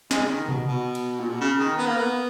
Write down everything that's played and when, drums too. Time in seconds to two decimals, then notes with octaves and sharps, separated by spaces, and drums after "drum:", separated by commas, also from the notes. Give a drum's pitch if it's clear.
0.11 G#3, drum: snare
0.22 C#3
0.30 D#3
0.49 B2, drum: tom B2
0.67 B2
0.95 drum: cymbal
1.20 A#2
1.30 B2
1.41 C#3
1.59 D#3
1.78 B3
1.87 A#3
1.97 B3